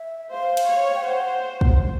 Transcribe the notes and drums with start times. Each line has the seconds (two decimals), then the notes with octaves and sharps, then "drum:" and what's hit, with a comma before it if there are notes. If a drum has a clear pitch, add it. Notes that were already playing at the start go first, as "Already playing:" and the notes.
Already playing: E5
0.30 C5 F5
0.57 drum: cymbal
0.67 C#5
0.95 G5
1.04 C5 F#5
1.61 drum: kick